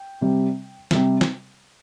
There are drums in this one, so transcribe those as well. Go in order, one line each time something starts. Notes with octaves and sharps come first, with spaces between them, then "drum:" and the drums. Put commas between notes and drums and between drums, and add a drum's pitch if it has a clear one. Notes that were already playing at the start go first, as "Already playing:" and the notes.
Already playing: G5
C3 G3 C4
C3 G3 C4, drum: snare
drum: snare